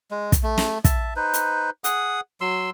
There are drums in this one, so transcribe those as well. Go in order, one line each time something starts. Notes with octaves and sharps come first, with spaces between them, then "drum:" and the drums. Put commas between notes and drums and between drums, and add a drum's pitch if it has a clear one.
G#3
drum: kick, hi-hat
A3
drum: snare
E5 A5, drum: kick, hi-hat
D#4 B4 C5
drum: hi-hat
G#4 F#5 D#6, drum: hi-hat
F#3 C6 E6